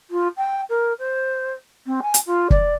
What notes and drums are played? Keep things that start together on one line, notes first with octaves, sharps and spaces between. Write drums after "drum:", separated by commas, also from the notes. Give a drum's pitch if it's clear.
F4
G5
A#4
C5
C4
G#5
drum: hi-hat
F4
D5, drum: kick